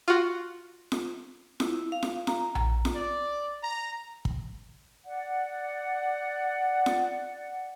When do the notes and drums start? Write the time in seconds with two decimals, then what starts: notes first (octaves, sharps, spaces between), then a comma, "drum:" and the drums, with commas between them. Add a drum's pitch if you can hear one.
0.08 F4 F#4
0.92 drum: snare F4
1.60 E4, drum: snare F4
1.92 F5
2.03 drum: snare F4
2.27 A#5, drum: snare F4
2.55 drum: tom A#1
2.85 drum: snare F4
2.95 D5
3.63 A#5
4.25 drum: kick
5.06 D5 F#5
6.86 drum: snare F4